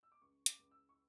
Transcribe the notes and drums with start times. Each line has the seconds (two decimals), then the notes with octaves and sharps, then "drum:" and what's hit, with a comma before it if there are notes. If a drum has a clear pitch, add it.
0.03 E6
0.12 D6
0.21 C#2 C#6
0.46 D6, drum: hi-hat
0.59 C#2
0.71 E6
0.89 C#6